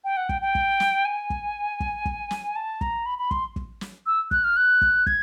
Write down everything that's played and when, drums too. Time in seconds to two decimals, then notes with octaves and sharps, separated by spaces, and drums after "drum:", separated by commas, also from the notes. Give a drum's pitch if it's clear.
0.04 G5
0.17 F#5
0.29 G5, drum: kick
0.42 G5
0.55 drum: kick
0.80 drum: snare
1.05 G#5
1.30 drum: kick
1.80 drum: kick
2.05 drum: kick
2.31 drum: snare
2.56 A5
2.81 A#5, drum: kick
3.06 B5
3.19 B5
3.31 C6, drum: kick
3.56 drum: kick
3.81 drum: snare
4.06 E6
4.31 F#6, drum: kick
4.44 F6
4.57 F#6
4.81 drum: kick
5.07 G#6, drum: kick